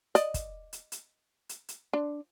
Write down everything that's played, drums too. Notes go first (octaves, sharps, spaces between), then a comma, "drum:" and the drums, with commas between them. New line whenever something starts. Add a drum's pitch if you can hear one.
D5 D#5, drum: hi-hat
drum: kick, hi-hat
drum: hi-hat
drum: hi-hat
drum: hi-hat
drum: hi-hat
D4